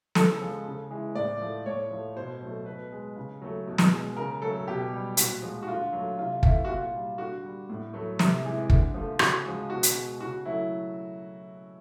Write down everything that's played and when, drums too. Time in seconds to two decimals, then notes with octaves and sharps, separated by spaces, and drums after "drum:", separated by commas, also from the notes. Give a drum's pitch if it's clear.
0.15 C#3 A4, drum: snare
0.41 F3 G#3
0.66 C#3
0.91 E3 G#3
1.15 A2 D5
1.40 F3 A3
1.66 A2 C#5
1.91 F3 A3
2.16 B2 C5
2.41 F#3 A3
2.66 B2 B4
2.92 G#3
3.16 C#3
3.42 F#3 A3
3.67 B2
3.78 drum: snare
3.92 G#3
4.17 C#3 A#4
4.42 F#3 A3 A4
4.67 B2 G4
4.93 G3
5.17 A#2 F#4, drum: hi-hat
5.42 F3 G#3
5.63 F#4
5.68 D3 F4
5.93 F#3 A3
6.18 C3 F4
6.43 E3 A3 E4, drum: kick
6.65 F#4
6.68 A#2 F4
6.94 G3
7.18 D3 F#4
7.43 G3
7.69 A2
7.94 F#3 A3
8.19 C3, drum: snare
8.44 E3 G#3
8.70 D3, drum: kick
8.94 F3 A3
9.19 C#3 F#4, drum: rim click
9.45 F3 G#3
9.70 B2 F#4
9.83 drum: hi-hat
9.96 G#3
10.20 C#3 F#4
10.45 F#3 A3 E4